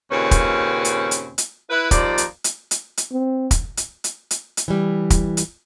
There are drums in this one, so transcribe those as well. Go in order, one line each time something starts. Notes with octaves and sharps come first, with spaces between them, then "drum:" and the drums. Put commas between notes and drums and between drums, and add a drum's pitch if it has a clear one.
D#2 A#2 C#3 C4 C#4 B4
drum: kick, hi-hat
drum: hi-hat
drum: hi-hat
drum: hi-hat
E4 B4
D#2 F3 D#4 D5, drum: kick, hi-hat
drum: hi-hat
drum: hi-hat
drum: hi-hat
drum: hi-hat
C4
drum: kick, hi-hat
drum: hi-hat
drum: hi-hat
drum: hi-hat
drum: hi-hat
E3 G3
drum: kick, hi-hat
drum: hi-hat